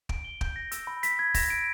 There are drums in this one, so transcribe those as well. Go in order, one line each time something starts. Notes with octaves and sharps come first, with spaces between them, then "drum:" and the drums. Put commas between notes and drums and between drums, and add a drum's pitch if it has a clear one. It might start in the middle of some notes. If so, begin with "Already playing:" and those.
D7, drum: kick
G7
G6, drum: kick
A#6
E6, drum: hi-hat
B5
B6, drum: hi-hat
G#6
A#6, drum: kick, open hi-hat
D7